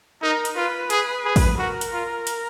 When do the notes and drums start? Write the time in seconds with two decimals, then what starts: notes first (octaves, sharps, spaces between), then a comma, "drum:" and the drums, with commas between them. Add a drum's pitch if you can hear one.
0.22 D#4 A#4
0.45 drum: hi-hat
0.56 F4 B4
0.90 G#4, drum: hi-hat
1.25 G#4
1.36 drum: kick A1, open hi-hat
1.58 F#4 A#4
1.81 drum: hi-hat
1.93 F4
2.27 drum: hi-hat